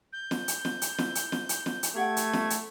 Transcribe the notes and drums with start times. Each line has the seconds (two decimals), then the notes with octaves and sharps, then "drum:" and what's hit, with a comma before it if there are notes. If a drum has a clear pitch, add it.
0.13 G6
0.31 drum: snare
0.48 drum: hi-hat
0.65 drum: snare
0.82 drum: hi-hat
0.98 E4, drum: snare
1.15 drum: hi-hat
1.32 drum: snare
1.49 drum: hi-hat
1.66 drum: snare
1.83 drum: hi-hat
1.96 A3 G4 F#5 G5 G#6
2.17 drum: hi-hat
2.33 drum: snare
2.50 drum: hi-hat